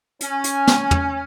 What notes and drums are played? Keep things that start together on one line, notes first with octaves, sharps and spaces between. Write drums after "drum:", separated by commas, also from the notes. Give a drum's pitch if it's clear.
C#4 G#5, drum: hi-hat
drum: hi-hat
drum: snare
drum: tom